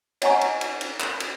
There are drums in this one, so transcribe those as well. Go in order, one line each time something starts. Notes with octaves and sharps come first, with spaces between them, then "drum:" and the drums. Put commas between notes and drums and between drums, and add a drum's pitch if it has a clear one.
C#5 D#5 F#5 G#5 A#5 C#6, drum: cymbal
drum: cymbal
drum: cymbal
drum: cymbal
drum: clap
drum: cymbal